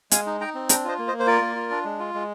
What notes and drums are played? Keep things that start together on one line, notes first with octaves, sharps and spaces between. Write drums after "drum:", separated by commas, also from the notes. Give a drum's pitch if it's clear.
G#3 F5 G#5, drum: hi-hat
D#4
D#4 G5 A#5
C4
D4 G5 A#5, drum: hi-hat
F4 C5 D#5
A#3
C5 D#5
A#3
C5
F4 A#4 D5
A#3
F4
D4
G#3
F4
G#3